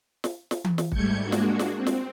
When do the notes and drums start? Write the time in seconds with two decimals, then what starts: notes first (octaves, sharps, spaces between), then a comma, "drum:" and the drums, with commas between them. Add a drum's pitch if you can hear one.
0.24 drum: snare
0.51 drum: snare
0.64 drum: tom E3
0.78 drum: snare
0.92 G#2 G3 A3 G6 G#6 C#7, drum: kick
1.23 G#3 A#3 D4 F#4
1.32 drum: snare
1.59 drum: snare
1.76 C4
1.86 drum: snare